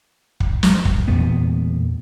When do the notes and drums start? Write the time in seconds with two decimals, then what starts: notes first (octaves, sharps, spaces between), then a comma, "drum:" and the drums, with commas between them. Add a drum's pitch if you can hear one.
0.40 drum: kick
0.63 drum: snare
0.85 drum: kick
1.08 E2 A#2 B3